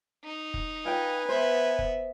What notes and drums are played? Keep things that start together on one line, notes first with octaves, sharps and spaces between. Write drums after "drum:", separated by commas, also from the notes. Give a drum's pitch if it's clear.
D#4
drum: kick
F4 B4 G5 G#5
B3 C5 E5
drum: kick